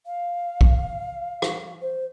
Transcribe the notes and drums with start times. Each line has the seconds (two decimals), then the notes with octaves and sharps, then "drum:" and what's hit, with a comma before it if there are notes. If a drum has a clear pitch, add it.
0.06 F5
0.61 drum: kick
1.42 drum: rim click
1.82 C5